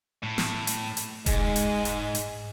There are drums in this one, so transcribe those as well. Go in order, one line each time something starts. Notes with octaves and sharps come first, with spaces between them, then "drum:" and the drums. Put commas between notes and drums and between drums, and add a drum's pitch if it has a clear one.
A2
drum: snare
drum: hi-hat
drum: hi-hat
G#2 G#3, drum: kick E1, hi-hat
drum: hi-hat
drum: hi-hat
drum: hi-hat